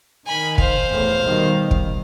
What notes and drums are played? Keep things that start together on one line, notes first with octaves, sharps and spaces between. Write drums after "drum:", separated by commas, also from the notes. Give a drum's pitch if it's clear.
D#3 G#5 B5
C5 F5, drum: kick
E2 A2
B2 D#3 G3
drum: kick